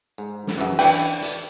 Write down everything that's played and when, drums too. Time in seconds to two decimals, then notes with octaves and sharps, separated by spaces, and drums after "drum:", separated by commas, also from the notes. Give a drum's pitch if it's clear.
0.18 G#2
0.47 drum: snare
0.58 F#2 C#3 E3
0.79 E3 D4 B4 G5, drum: open hi-hat
1.22 drum: hi-hat